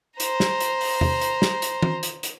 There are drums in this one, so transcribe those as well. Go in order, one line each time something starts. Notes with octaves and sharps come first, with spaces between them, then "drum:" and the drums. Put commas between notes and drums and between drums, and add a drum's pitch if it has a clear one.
C5 A#5, drum: hi-hat
drum: snare
drum: hi-hat
drum: open hi-hat
drum: tom E2
drum: hi-hat
drum: snare
drum: hi-hat
drum: tom E3
drum: hi-hat
drum: hi-hat